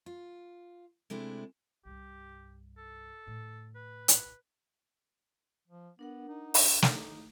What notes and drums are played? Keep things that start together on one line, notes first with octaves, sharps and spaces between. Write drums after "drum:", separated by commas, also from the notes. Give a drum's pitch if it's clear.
F4
C3 G#3 A3 D4 E4
C2 G2 G4
A4
A2 D3
B4
drum: hi-hat
F3
B3 D4 A#4 F#5
D#4
drum: open hi-hat
D#4, drum: snare